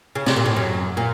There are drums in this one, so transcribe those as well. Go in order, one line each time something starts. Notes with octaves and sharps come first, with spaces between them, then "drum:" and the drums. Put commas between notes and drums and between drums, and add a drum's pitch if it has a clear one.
C#3
C3, drum: snare
A#2
A2
F#2
A#2